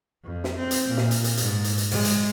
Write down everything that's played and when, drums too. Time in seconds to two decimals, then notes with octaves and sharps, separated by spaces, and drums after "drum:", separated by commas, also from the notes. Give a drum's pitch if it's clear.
0.23 F2
0.44 drum: snare
0.55 C4
0.71 drum: hi-hat
0.88 A#2
0.97 drum: snare
1.11 drum: hi-hat
1.24 drum: hi-hat
1.37 G#2, drum: hi-hat
1.64 drum: hi-hat
1.78 drum: hi-hat
1.91 G#3, drum: open hi-hat
2.04 drum: hi-hat